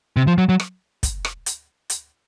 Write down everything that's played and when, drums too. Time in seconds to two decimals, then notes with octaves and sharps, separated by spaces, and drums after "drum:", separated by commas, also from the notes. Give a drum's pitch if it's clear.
0.17 C3
0.27 F3
0.38 F#3
0.49 F#3
0.60 drum: rim click
1.03 drum: kick, hi-hat
1.25 drum: rim click
1.46 drum: hi-hat
1.90 drum: hi-hat